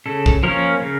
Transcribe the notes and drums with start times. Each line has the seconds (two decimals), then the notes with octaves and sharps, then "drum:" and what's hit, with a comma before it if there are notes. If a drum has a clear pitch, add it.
0.06 C#3 A4
0.26 drum: kick
0.43 F3 A#3 C#4 A#4
0.81 C#3 A#4